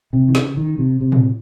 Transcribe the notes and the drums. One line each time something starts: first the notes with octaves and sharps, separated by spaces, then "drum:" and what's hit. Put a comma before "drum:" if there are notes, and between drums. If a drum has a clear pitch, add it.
C3
D#3
C#3, drum: snare
D#3
C3
C3
drum: tom A2